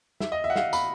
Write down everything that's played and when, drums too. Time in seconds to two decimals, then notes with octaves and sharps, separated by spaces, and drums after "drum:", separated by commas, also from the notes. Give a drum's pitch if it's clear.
0.20 E5, drum: snare
0.32 D#5
0.44 E5
0.50 F#5
0.56 F5, drum: snare
0.73 B5, drum: tambourine